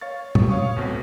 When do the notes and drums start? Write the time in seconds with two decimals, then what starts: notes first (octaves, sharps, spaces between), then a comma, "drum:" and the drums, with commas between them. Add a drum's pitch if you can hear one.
0.01 C#5 F5 C#6 A6
0.35 C#6, drum: tom
0.49 C#5 F5 C#6 D#6
0.76 D2 B2 C4